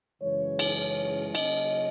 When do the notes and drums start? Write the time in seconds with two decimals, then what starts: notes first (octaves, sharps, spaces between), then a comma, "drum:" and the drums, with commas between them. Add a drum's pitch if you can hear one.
0.22 F#2 C#3 E3 G#3 C#5
0.59 drum: cymbal
0.78 C#5
1.35 C#3 F#3 A#3 C#4 D#5, drum: cymbal